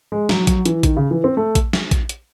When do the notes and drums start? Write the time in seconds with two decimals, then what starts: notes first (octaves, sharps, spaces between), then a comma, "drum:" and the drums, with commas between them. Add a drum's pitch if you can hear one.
0.12 G#3
0.29 F#3, drum: snare
0.47 F#3, drum: kick A#1, hi-hat
0.66 E3, drum: hi-hat
0.83 D#3, drum: kick A#1, hi-hat
0.97 C#3
1.11 E3
1.24 C4
1.37 A3
1.55 drum: kick A#1, hi-hat
1.73 drum: snare
1.91 drum: kick A#1, hi-hat
2.09 drum: hi-hat